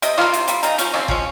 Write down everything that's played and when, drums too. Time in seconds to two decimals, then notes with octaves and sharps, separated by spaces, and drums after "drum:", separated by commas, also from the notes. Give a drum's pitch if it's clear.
0.02 C3 D#5, drum: hi-hat
0.18 G3 A#3 F4, drum: rim click
0.33 C3, drum: hi-hat
0.48 G3 A#3, drum: hi-hat
0.63 C#3 D#4, drum: hi-hat
0.78 F3 G#3 C#4, drum: hi-hat
0.94 C#3 C4, drum: rim click
1.08 F3 G#3 C#4, drum: kick